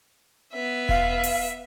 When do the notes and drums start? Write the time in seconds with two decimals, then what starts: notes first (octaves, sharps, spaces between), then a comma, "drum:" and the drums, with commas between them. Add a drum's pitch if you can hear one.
0.53 B3 E5
0.89 F5, drum: kick E1
1.24 drum: open hi-hat